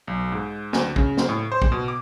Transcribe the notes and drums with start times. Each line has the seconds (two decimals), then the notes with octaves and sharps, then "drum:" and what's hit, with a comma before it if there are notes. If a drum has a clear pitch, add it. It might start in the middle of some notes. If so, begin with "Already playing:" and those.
0.08 B1
0.32 G#2
0.73 D2, drum: snare
0.96 C#3, drum: kick
1.17 drum: snare
1.29 A2
1.52 C5
1.62 drum: kick
1.72 B2
1.88 D6